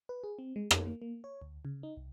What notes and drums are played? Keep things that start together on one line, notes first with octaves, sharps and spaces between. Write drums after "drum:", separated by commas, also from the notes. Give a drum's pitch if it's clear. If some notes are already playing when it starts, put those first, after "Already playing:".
B4
G#4
C4
G#3
A4, drum: rim click
A#3
A#3
C#5
D2
C#3
D#4
C2